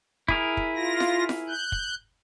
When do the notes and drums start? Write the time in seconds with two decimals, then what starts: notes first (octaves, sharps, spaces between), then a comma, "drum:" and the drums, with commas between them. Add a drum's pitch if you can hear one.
0.28 E4 G#4 A#4, drum: kick
0.57 drum: kick
0.76 F4 A#6
1.00 drum: snare F4
1.29 drum: snare F4
1.48 F#6 G6
1.72 drum: kick